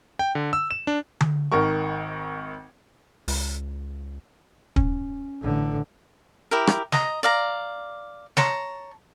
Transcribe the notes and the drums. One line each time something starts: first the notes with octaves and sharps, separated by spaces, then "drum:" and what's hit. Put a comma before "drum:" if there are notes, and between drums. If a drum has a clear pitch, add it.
G5
D3
E6
E7
D4
drum: tom D3
G#1 D#3 A#4 C#6
C#2, drum: open hi-hat
C#4, drum: kick
A1 D3
E4 G4 A#4
drum: rim click
D#5 A#5, drum: snare
D5 F5 A#5
C#5 A5 A#5 C6, drum: snare